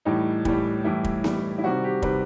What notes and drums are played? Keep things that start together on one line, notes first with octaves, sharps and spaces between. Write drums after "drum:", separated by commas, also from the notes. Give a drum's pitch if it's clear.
A2 E3 G3 D#4
A2 E3 G3, drum: kick
A2 E3 G3 E4
drum: kick
A2 E3 G3, drum: snare B3
E4
C3 D#3 G3 C4 F#4
G4
C3 D#3 G3 C4 B4, drum: kick